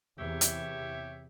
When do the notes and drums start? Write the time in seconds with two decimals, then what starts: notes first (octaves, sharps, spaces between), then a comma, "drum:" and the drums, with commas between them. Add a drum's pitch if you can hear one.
0.19 E2 C3 E3 G4 C#5 E5
0.41 drum: hi-hat